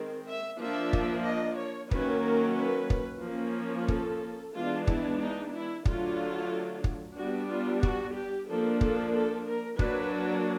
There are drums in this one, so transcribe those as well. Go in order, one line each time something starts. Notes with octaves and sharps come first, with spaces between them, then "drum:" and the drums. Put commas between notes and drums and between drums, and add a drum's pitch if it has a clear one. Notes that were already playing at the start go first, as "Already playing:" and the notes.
Already playing: D#3 G#3 C4
E5
F3 A#3 D4 E5
drum: kick
D#5
C#5
D#3 F#3 A#3 C#4 B4, drum: kick
A#4
B4
drum: kick
F3 A#3 C#4
A4, drum: kick
E3 G#3 B3 D4 F4
E4, drum: kick
D#4
E4
D3 F#3 A3 D4 F4, drum: kick
drum: kick
G3 B3 D4 F#4
F4
F#4, drum: kick
G4
F3 A#3 D4 A4
A4, drum: kick
A4
A#4
F#3 A#3 D4 B4, drum: kick